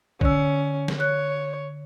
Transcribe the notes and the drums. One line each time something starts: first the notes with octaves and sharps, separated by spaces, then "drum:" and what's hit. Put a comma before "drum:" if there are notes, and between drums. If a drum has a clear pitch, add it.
D3 C#4 E6, drum: kick
drum: snare
C#5 F#6